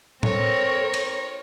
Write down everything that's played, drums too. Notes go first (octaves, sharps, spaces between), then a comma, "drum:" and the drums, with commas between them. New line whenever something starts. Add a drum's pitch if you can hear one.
C4 A4 A#4 C#5, drum: tom A2
drum: cymbal